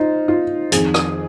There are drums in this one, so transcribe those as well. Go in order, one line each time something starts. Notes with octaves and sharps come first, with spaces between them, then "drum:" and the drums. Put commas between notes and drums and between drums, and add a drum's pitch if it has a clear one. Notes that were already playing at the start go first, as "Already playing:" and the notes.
Already playing: D#4 F4 C5
F4
F2 D#3 G#4, drum: hi-hat
drum: rim click